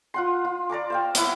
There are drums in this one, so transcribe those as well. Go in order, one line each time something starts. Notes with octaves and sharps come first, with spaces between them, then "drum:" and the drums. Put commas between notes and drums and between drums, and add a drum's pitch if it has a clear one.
F4 F#5 C6
F4
D5 A#5 C#6 D6
C5 F5 G5
E4 F#5 C#6, drum: hi-hat